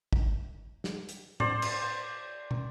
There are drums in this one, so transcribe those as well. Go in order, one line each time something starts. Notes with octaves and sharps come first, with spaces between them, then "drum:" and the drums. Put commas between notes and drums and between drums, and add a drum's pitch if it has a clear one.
drum: kick
drum: snare
drum: hi-hat
C5 D5, drum: tom A2
drum: cymbal
drum: tom